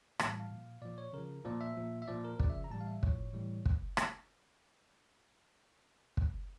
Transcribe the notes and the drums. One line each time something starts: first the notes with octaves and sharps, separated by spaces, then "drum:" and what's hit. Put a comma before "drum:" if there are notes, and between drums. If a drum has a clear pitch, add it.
A2 E3 G3, drum: rim click
A5
F5
A#2 F3
A#2 F3 D5
C#5
C#3 F3 A#4
A#2 F3 D5
E5
A#2 F3
E5
A#2 F3 D5
A#4
C#3 F3 D5, drum: kick
E5
A#5
A2 E3 G3 A5
F5
E5
A2 F3 C#5, drum: kick
A2 E3 G3
drum: kick
drum: rim click
drum: kick